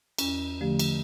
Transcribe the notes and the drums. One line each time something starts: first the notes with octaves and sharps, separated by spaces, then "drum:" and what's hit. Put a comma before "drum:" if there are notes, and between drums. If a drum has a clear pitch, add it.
E2 C#4, drum: cymbal
D3 F3 A3 G4
drum: cymbal